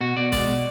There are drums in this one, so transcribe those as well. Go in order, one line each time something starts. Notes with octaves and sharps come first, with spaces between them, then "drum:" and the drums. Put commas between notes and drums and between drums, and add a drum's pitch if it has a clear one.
B2 F#4
B2 D5
G#3 D5, drum: kick, open hi-hat
B2